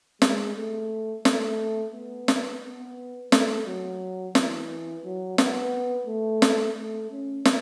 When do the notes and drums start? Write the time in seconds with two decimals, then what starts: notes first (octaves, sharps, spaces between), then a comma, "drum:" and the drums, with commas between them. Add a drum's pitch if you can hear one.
0.22 G#3, drum: snare
0.55 A3
1.25 A3, drum: snare
1.93 B3
2.28 drum: snare
2.63 B3
3.32 A3, drum: snare
3.66 F#3
4.35 E3, drum: snare
5.04 F#3
5.38 B3, drum: snare
6.07 A3
6.42 drum: snare
6.77 A3
7.11 C#4
7.45 drum: snare